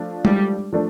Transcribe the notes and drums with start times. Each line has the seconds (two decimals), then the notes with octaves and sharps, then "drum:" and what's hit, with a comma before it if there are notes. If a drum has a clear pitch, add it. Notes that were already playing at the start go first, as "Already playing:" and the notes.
Already playing: F3 A3 D4 F4
0.25 G3, drum: tom G#3
0.72 F3 A3 D4